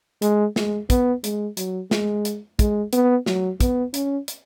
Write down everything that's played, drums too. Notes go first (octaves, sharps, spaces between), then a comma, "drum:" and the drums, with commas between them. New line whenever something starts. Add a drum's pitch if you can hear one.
G#3, drum: hi-hat
G#3, drum: snare
B3, drum: kick, hi-hat
G#3, drum: hi-hat
F#3, drum: hi-hat
G#3, drum: snare
drum: hi-hat
G#3, drum: kick, hi-hat
B3, drum: hi-hat
F#3, drum: snare
B3, drum: kick, hi-hat
C#4, drum: hi-hat
drum: hi-hat